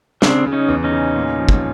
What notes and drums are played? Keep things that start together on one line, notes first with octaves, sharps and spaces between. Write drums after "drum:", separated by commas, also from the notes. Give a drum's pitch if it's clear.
C#3 C4 D4, drum: snare
C#3
C#4 D#4
E2
C#4 D#4
C#3
A#2
F3
drum: kick